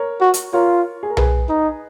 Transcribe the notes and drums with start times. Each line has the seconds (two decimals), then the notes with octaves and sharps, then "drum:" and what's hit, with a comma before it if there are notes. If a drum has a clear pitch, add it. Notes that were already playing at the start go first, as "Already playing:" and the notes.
Already playing: A#4 C#5
0.21 F#4
0.34 drum: hi-hat
0.53 F4 A#4 C#5
1.03 G#4
1.10 A#4
1.17 G#4 B4, drum: tom B1
1.49 D#4